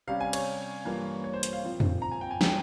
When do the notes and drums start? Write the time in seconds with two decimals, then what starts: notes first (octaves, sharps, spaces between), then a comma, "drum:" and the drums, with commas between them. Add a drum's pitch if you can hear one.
0.07 C3 G3 C#4 F5
0.21 G#5
0.33 C#5, drum: cymbal
0.85 G2 E3 A#3 F4
1.24 C#5
1.33 C5
1.43 C#5, drum: hi-hat
1.53 F5
1.63 A#2 F3 C4 F4
1.80 drum: tom
2.02 A#5
2.11 G#5
2.21 G5
2.31 G#5
2.41 E3 G3 C#4 G5, drum: snare